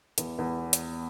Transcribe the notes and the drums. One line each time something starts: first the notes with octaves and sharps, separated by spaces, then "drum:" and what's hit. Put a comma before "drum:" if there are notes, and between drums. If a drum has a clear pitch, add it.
E2, drum: hi-hat
E2
drum: hi-hat